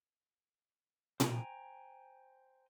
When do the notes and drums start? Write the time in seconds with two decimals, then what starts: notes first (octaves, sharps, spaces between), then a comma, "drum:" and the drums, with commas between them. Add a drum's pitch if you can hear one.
1.20 C5 G5 G#5 A#5, drum: tom A#2